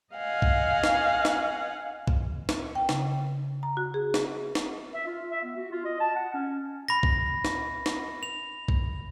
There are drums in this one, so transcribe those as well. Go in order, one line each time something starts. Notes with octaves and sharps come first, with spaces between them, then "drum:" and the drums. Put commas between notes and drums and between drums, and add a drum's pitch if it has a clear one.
D#5 F5 F#5 G#5
drum: kick B1
drum: snare
drum: snare
drum: kick B1
drum: snare
G5
C#3, drum: snare
A#5
F#4
G#4
drum: snare
drum: snare
E5
F4
E5
B3
F#4
F4
D#5
A5
F#5
C#4
B5 A#6
drum: kick B1
drum: snare
drum: snare
F7
drum: kick B1